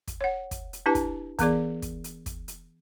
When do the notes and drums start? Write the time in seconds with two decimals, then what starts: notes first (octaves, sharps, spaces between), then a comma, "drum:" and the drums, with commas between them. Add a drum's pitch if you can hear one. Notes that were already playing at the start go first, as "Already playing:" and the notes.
0.08 drum: kick, hi-hat
0.21 C#5 F#5
0.51 drum: kick, hi-hat
0.73 drum: hi-hat
0.86 D4 E4 G4 B4 A5
0.95 drum: kick, hi-hat
1.39 E3 B3 G#4 D5, drum: kick, hi-hat
1.82 drum: kick, hi-hat
2.04 drum: hi-hat
2.26 drum: kick, hi-hat
2.48 drum: hi-hat